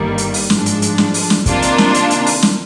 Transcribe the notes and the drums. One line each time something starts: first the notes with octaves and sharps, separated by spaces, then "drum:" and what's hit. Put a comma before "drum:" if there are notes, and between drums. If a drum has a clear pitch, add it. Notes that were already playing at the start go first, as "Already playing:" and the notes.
Already playing: G1 G2 D#3 G3 A#3
drum: hi-hat
drum: open hi-hat
G#2 F3 G#3 D4, drum: snare
drum: hi-hat
drum: hi-hat
drum: snare
drum: open hi-hat
drum: snare
C3 D#3 A#3 D4 F4, drum: kick, hi-hat
drum: hi-hat
drum: snare
drum: hi-hat
drum: hi-hat
drum: open hi-hat
drum: snare